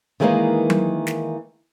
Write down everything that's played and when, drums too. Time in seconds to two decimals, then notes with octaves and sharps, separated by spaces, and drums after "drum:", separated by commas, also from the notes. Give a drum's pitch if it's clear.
0.20 D#3 E3 G#3 A#3 C#4 D#4
0.70 drum: tom F#3
1.07 drum: snare